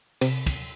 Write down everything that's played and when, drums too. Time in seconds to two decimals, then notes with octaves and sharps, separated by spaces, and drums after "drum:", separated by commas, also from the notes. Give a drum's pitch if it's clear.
0.21 C3, drum: cymbal
0.46 drum: kick, cymbal